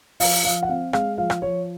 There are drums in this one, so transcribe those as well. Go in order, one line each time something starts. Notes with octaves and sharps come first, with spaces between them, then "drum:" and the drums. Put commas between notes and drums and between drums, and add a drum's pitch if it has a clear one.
F3 F5, drum: open hi-hat
F3 F5
F#5
C4 F5
G#3 F5, drum: rim click
F3 F5
drum: rim click
F3 C#5